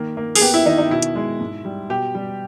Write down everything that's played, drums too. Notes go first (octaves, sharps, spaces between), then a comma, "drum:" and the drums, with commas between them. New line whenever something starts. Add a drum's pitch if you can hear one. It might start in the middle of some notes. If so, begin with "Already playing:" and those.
Already playing: D#3 A#3
A#3
G#4, drum: open hi-hat
B3 G4
E4
D#3 D#4
D#4
B2 E4
drum: hi-hat
G#3
G#2
G3
B2 G4
G3